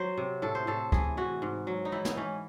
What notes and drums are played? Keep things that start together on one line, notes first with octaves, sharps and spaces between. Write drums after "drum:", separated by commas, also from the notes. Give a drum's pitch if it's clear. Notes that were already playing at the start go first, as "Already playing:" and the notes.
Already playing: F#3 C5
C3
A2 A4
C5
A2 A4
E3 G#4, drum: kick
E3 F#4
G#2
F#3
D#4
E3 E4
D#4, drum: snare
E3 C#4